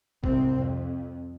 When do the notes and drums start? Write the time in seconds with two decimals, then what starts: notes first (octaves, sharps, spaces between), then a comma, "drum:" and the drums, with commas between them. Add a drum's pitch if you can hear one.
0.24 C2 G#2 C4, drum: kick
0.59 F2